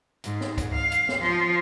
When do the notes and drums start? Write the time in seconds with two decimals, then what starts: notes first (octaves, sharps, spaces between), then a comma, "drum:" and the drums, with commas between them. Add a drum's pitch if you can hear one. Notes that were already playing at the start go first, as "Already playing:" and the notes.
0.24 G#2, drum: hi-hat
0.41 drum: snare
0.58 drum: kick, hi-hat
0.74 F5
0.92 drum: hi-hat
1.09 drum: snare
1.20 F3